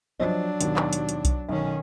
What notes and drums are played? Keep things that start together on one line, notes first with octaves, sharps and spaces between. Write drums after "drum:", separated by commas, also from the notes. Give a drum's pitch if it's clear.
F3 F#3 D4 C5 D#5
D#2 B2, drum: hi-hat
drum: clap
drum: hi-hat
drum: hi-hat
drum: kick B1, hi-hat
B1 D#3 C#4